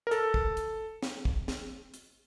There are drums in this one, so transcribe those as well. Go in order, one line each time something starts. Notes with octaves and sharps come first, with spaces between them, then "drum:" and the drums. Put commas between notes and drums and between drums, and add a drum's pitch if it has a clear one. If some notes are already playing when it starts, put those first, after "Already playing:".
A#4
A4, drum: hi-hat
drum: kick
drum: hi-hat
drum: snare
drum: kick
drum: snare
drum: hi-hat